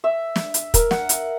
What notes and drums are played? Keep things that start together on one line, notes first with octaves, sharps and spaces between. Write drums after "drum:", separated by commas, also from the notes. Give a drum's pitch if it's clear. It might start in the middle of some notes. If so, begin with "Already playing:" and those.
E5
drum: snare
drum: hi-hat
A#4, drum: kick, hi-hat
F#5, drum: snare
drum: hi-hat